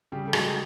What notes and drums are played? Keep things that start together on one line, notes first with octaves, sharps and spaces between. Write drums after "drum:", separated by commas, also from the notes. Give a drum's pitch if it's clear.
C#3 G3 G4
A4
F#3 G#3 G#4, drum: rim click